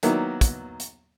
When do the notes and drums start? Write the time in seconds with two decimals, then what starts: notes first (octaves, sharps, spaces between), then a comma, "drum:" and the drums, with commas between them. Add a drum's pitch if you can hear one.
0.03 D#3 F#3 A#3 B3 D#4 E4, drum: hi-hat
0.41 drum: kick, hi-hat
0.80 drum: hi-hat